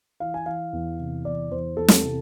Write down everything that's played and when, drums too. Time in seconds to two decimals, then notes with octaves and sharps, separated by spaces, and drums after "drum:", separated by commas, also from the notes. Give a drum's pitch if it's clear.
0.20 E3 F5
0.34 G#5
0.46 E3 F5
0.73 E2
0.99 C3
1.25 E2 D5
1.51 E2 C5
1.77 E2 A4
1.88 drum: snare
2.03 C3